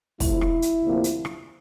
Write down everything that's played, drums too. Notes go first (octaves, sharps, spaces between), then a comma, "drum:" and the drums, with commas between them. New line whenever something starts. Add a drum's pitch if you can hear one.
D2 C3 F3 A3 E4, drum: kick, open hi-hat
drum: rim click
drum: hi-hat
D2 C3 F3 A#3
drum: hi-hat
drum: rim click